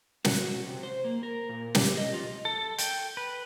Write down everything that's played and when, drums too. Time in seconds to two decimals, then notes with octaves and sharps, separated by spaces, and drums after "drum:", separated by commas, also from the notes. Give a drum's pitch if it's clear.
0.25 F#4, drum: snare
0.66 C3
0.83 C5
1.05 A#3
1.23 A#4
1.49 A#2
1.75 G4, drum: snare
1.97 D#5
2.13 F4
2.45 A4
2.78 G5, drum: hi-hat
3.17 B4